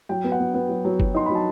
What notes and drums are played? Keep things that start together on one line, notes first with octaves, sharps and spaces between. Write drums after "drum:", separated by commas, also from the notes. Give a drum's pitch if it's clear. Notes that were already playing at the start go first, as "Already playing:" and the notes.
F#3 G5
B3
F#5
B3
B3
F#3
F#3
F#3, drum: kick F#1
D#4 C6
F#3 B5
A5